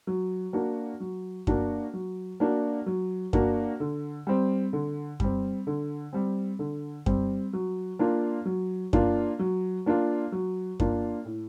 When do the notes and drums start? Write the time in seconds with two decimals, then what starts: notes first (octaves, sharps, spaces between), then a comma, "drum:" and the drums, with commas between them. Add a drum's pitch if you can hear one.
0.07 F#3
0.53 A#3 D4 F#4
1.00 F#3
1.47 A#3 D4 F#4, drum: kick F#2
1.94 F#3
2.40 A#3 D4 F#4
2.86 F#3
3.33 A#3 D4 F#4, drum: kick F#2
3.80 D3
4.27 G3 C4
4.73 D3
5.20 G3 C4, drum: kick F#2
5.67 D3
6.13 G3 C4
6.59 D3
7.06 G3 C4, drum: kick F#2
7.53 F#3
7.99 A#3 D4 F4
8.45 F#3
8.93 A#3 D4 F4, drum: kick F#2
9.39 F#3
9.86 A#3 D4 F4
10.32 F#3
10.80 A#3 D4 F4, drum: kick F#2
11.25 A2